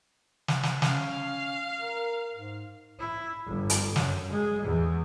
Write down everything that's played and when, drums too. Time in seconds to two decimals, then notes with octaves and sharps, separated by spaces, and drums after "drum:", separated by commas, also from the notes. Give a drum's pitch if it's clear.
0.48 drum: snare
0.63 drum: snare
0.82 C#4 F5, drum: snare
1.79 A#4
2.34 G#2
2.99 E4
3.46 G1
3.70 drum: hi-hat
3.96 F#2, drum: snare
4.31 G#3
4.62 E2